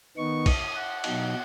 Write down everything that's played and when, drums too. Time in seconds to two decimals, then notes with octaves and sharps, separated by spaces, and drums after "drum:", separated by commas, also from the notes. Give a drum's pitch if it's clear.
0.17 D#3 B3 D#4 C#6
0.46 D#6, drum: kick, cymbal
0.75 F#5
1.04 B2 F#3 D#4, drum: cymbal